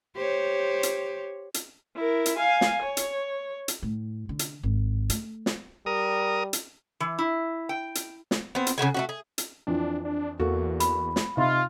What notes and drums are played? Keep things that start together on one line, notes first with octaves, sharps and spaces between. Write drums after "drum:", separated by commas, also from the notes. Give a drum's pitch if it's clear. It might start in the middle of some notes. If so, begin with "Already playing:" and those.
G4 C5 C#5
drum: hi-hat
drum: hi-hat
E4 A#4
drum: hi-hat
F5 G#5
drum: snare
C#5
drum: hi-hat
drum: hi-hat
A2
D3
drum: hi-hat
G#1
A3, drum: hi-hat
drum: snare
G3 A#4 D#6
drum: hi-hat
E3
E4
G5
drum: hi-hat
drum: snare
B3 C4
drum: hi-hat
C#3 E4 F#4 G#5
A3 C#4 F#4
G#4
drum: hi-hat
F2 E3 D4
D4
E2 A#3 F#4 A4
B5, drum: hi-hat
drum: snare
C3 D#4 F4 E5